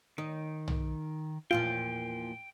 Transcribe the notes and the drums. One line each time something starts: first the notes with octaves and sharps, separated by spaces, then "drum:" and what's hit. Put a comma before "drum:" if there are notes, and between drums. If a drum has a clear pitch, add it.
D#3 D#4
drum: tom
E2 A#2 F3 F4 G5